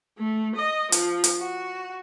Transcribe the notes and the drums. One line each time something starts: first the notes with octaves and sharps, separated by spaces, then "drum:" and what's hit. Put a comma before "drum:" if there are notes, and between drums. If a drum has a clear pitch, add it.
A3
D#5
F3, drum: hi-hat
drum: hi-hat
F#4